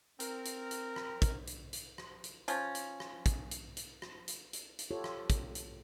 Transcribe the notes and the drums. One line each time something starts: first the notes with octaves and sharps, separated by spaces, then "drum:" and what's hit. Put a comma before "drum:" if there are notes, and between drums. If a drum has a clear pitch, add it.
C4 A#4, drum: hi-hat
drum: hi-hat
drum: hi-hat
drum: rim click
drum: kick, hi-hat
drum: hi-hat
drum: hi-hat
drum: rim click
drum: hi-hat
F3 C#4, drum: hi-hat
drum: hi-hat
drum: rim click
drum: kick, hi-hat
drum: hi-hat
drum: hi-hat
drum: rim click
drum: hi-hat
drum: hi-hat
drum: hi-hat
F4 G4 A4 C#5
drum: rim click
drum: kick, hi-hat
drum: hi-hat